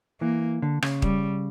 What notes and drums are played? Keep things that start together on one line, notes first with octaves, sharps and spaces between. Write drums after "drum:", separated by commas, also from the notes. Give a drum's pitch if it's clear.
E3 A#3
D3
C#3, drum: rim click
G3, drum: kick